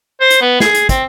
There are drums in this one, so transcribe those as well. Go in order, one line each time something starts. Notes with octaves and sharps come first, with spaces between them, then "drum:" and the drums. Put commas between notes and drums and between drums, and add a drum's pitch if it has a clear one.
C5
drum: hi-hat
B3
G#4, drum: snare
drum: hi-hat
C4, drum: kick, hi-hat